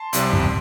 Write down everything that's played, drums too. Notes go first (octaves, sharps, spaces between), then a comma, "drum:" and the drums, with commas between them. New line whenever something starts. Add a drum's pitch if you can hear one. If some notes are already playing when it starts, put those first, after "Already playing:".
Already playing: A5 C6
C2 C3 G3, drum: hi-hat
drum: kick